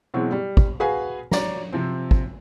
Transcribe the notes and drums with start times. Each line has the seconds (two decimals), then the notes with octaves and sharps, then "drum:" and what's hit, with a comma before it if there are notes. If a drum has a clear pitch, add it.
0.14 B2 E3 F#3 G#3 C4
0.32 G3
0.57 drum: kick
0.80 F#4 G#4 B4 F5 G#5
1.31 C#5 D5 A#5, drum: snare
1.72 C3 F3 C4
2.11 drum: kick